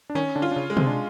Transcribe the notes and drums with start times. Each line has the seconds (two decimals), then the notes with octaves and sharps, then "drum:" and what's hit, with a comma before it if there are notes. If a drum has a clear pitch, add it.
0.10 D4
0.15 D#3 C#4 D#4
0.35 D3 D4
0.42 F4
0.51 D4
0.56 C#3 C#4
0.70 G#3
0.77 C3 C4, drum: tom
0.87 D4